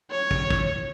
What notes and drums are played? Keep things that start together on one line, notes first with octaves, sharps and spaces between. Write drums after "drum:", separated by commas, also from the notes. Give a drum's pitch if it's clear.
C#5
drum: kick
drum: kick